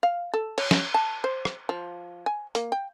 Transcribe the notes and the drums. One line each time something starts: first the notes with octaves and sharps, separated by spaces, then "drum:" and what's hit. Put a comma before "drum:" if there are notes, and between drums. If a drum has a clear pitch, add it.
F5
A4
C#5, drum: cymbal
drum: snare
A5
C5
drum: rim click
F3
G#5
A#3, drum: hi-hat
G5